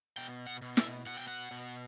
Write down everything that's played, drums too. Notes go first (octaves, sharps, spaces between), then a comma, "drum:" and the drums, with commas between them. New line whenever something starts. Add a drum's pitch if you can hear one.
B2 G5
F#5
B2
E5, drum: snare
B2 F#5
G5
F#5
B2